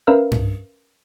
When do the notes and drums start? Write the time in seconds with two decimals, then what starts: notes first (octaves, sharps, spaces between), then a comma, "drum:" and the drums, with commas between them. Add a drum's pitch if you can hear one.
0.07 C#4 A#4 B4 E5 F5
0.32 drum: tom G2